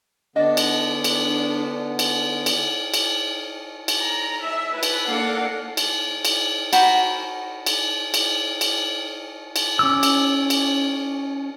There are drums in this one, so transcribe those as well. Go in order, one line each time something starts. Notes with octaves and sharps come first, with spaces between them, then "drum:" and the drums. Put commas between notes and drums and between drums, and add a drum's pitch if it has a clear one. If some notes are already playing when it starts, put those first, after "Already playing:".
D3 B3 D4 D5 D#5
drum: cymbal
drum: cymbal
drum: cymbal
drum: cymbal
drum: cymbal
drum: cymbal
A#5
E5
E4 B4
drum: cymbal
A#3 D4 A4 D5 F5 F#5
drum: cymbal
drum: cymbal
F#4 G5 A#5 B5, drum: cymbal
drum: cymbal
drum: cymbal
drum: cymbal
drum: cymbal
C#4 D6 E6
drum: cymbal
drum: cymbal